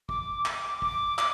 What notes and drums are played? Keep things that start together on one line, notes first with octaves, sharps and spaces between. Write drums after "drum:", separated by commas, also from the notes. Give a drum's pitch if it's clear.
D6, drum: kick
D6, drum: clap
D6, drum: kick
drum: clap